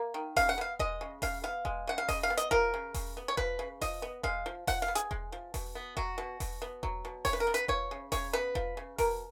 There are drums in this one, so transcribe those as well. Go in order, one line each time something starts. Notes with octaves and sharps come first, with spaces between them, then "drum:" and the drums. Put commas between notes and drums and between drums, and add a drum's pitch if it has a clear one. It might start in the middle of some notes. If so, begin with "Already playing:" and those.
Already playing: A#3
D#3
C#3 F5, drum: kick E1, open hi-hat
F#5
B3 F5
G#3 D#5, drum: kick E1
C#3
C#3 F5, drum: kick E1, open hi-hat
B3 F5
G#3, drum: kick E1
C#3 F#5
F5
C#3 D#5, drum: kick E1, open hi-hat
F5
B3
D#5, drum: hi-hat
F3 A#4, drum: kick E1
C#3
C#3, drum: kick E1, open hi-hat
B3
C#5
F3 B4, drum: kick E1
C#3
F3 D#5, drum: kick E1, open hi-hat
B3
G#3 F5, drum: kick E1
F3
F3 F#5, drum: kick E1, open hi-hat
F5
B3
G#4, drum: hi-hat
G#3, drum: kick E1
F3
B2, drum: kick E1, open hi-hat
B3
F#3 F#4, drum: kick E1
B2
B2, drum: kick E1, open hi-hat
B3
F#3, drum: kick E1
B2
C#3 C#5, drum: kick E1, open hi-hat
B4
A#4
B3
B4, drum: hi-hat
F3 C#5, drum: kick E1
C#3
C#3 C#5, drum: kick E1, open hi-hat
B3 B4
F3, drum: kick E1
C#3
B2 A#4, drum: kick E1, open hi-hat